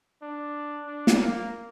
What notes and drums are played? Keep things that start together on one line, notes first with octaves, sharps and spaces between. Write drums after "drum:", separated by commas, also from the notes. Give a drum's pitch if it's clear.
D4
D4
drum: snare
A#3